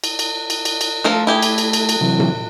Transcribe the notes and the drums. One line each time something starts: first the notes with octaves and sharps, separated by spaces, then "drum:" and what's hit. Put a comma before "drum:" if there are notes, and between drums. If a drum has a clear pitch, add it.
drum: cymbal
drum: cymbal
drum: cymbal
drum: cymbal
drum: cymbal
F3 A3 A4 A#4
E4 G4 G#4
drum: cymbal
drum: cymbal
drum: cymbal
drum: cymbal
C3 E3 F#3
drum: tom A#2